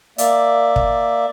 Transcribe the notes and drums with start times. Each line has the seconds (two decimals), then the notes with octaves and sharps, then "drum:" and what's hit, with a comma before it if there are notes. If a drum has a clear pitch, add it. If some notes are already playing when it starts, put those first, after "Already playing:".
0.18 A#3 D5 E5, drum: hi-hat
0.76 drum: kick